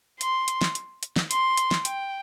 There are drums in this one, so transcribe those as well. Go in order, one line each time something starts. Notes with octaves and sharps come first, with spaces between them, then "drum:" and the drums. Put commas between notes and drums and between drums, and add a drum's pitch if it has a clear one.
C6, drum: hi-hat
drum: hi-hat
drum: snare
drum: hi-hat
drum: hi-hat
drum: snare
C6, drum: hi-hat
drum: hi-hat
drum: snare
G5, drum: hi-hat